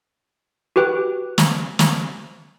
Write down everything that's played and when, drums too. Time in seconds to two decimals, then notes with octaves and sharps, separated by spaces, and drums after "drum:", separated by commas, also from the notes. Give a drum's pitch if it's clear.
0.76 F#4 G4 B4 G5 F#6
1.38 drum: snare
1.79 drum: snare